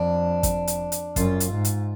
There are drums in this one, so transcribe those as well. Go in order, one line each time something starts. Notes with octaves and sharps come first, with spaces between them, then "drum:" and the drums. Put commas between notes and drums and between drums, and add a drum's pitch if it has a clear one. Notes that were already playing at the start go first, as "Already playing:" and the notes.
Already playing: F2 D4
drum: kick, hi-hat
drum: hi-hat
drum: hi-hat
F#2 F4, drum: kick, hi-hat
drum: hi-hat
G#2
drum: hi-hat